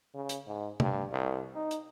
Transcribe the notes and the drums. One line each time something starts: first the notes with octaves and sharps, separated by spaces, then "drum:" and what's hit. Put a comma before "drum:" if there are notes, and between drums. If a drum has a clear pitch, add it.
C#3
drum: hi-hat
G#2
G2, drum: tom
C2
D#4
drum: hi-hat